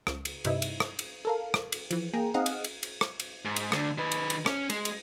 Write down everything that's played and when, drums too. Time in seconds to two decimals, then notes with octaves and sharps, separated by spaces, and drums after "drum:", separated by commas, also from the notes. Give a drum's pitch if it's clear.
0.07 C#2, drum: rim click
0.25 drum: cymbal
0.45 G2 C3 D#4 E4, drum: cymbal
0.62 drum: cymbal
0.80 drum: rim click
0.99 drum: cymbal
1.25 A4 A#4 F5
1.54 drum: rim click
1.72 drum: cymbal
1.91 E3 F3, drum: cymbal
2.13 A#3 G#4 G5 A#5
2.34 C4 D#4 G#4 D#5 F5 F#5
2.46 drum: cymbal
2.64 drum: cymbal
2.83 drum: cymbal
3.01 drum: rim click
3.20 drum: cymbal
3.45 G#2
3.56 drum: cymbal
3.72 D2 D3, drum: rim click
3.98 D#3 B4
4.12 drum: cymbal
4.30 drum: cymbal
4.46 C#4, drum: rim click
4.70 G#3, drum: cymbal
4.85 drum: cymbal